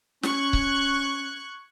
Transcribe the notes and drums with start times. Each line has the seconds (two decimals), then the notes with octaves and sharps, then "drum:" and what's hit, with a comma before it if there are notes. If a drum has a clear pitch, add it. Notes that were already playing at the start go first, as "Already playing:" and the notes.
0.23 C#4 C#6 F#6 G#6, drum: snare
0.53 drum: kick C#1